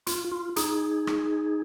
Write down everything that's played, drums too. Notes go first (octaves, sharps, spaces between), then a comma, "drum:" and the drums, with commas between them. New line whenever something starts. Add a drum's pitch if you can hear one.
F4, drum: hi-hat
F4
D#4 G#4, drum: hi-hat
drum: rim click